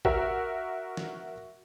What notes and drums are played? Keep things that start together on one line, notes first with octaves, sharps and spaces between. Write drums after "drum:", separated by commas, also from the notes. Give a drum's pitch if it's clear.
F#4 A#4 E5, drum: kick
drum: snare